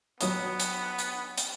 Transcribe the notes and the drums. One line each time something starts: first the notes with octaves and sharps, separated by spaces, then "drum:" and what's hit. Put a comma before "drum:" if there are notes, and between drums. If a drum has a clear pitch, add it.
F#3 B3 C#5 D#6, drum: hi-hat
drum: hi-hat
drum: hi-hat
drum: hi-hat